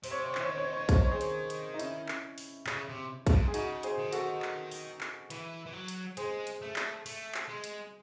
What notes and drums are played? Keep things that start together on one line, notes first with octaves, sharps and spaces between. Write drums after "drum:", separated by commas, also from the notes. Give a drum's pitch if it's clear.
C3 C5, drum: open hi-hat
C#5
C5
C#5
E3 C5, drum: clap
C#5
D#3 C5
C#5
C5
C#5
C5
C#5, drum: kick B1, hi-hat
C5
C#5
G#4 C5
drum: hi-hat
drum: hi-hat
D#4
C#4 E4, drum: hi-hat
drum: clap
drum: open hi-hat
C#3, drum: clap
C3
A2, drum: kick B1, hi-hat
G#2
G#4
C#3 D#4 F#4, drum: hi-hat
G#4 C5, drum: hi-hat
D#3
F#4 A4, drum: hi-hat
drum: clap
drum: open hi-hat
drum: clap
E3, drum: hi-hat
E3
F#3
drum: hi-hat
G#3 G#4 C5, drum: hi-hat
drum: hi-hat
A3
drum: clap
A3, drum: open hi-hat
drum: clap
G#3
drum: hi-hat